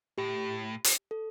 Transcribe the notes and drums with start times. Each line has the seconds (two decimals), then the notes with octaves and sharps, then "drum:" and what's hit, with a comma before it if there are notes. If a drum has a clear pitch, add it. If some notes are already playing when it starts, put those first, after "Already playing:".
0.18 A2 G4
0.84 drum: hi-hat
1.11 A4